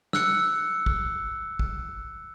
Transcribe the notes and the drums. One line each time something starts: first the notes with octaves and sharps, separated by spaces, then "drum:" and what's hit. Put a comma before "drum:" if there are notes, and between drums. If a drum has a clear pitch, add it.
E6 F#6 C#7, drum: snare
drum: kick
drum: kick